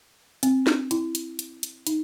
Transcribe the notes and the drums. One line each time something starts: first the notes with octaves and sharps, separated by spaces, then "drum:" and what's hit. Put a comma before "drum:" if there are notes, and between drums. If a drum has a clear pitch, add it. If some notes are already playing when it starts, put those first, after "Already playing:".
C4, drum: hi-hat
drum: snare
E4, drum: hi-hat
drum: hi-hat
drum: hi-hat
drum: hi-hat
D#4, drum: hi-hat